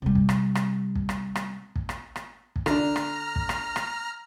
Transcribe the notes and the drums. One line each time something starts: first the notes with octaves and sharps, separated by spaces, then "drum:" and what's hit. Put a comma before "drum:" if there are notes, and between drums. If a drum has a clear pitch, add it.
C3 G3
drum: kick
drum: rim click
drum: rim click
drum: kick
drum: rim click
drum: rim click
drum: kick
drum: rim click
drum: rim click
drum: kick
D3 D4 A#5 F6, drum: rim click
drum: rim click
drum: kick
drum: rim click
drum: rim click